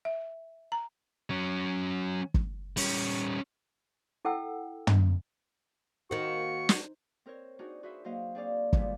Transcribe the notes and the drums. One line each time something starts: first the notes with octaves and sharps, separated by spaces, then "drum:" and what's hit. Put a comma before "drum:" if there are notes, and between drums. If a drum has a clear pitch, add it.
E5
A#5
F#3 C#4
drum: kick
G3 C#4, drum: open hi-hat
E4 A4 F#5 G5 E6
drum: tom
D#3 A#3 D#4 F#4 C5 C#6
drum: snare
C4 A#4 C5 C#5
D4 D#4 F#4 G#4 A#4
F#4 G#4 B4 C5 E5
F#3 A#3 F#4 C5 D#5 F5
C4 D4 G#4 C#5 D5 F5
A#2 D3 D#3 F3 G3 G#3, drum: kick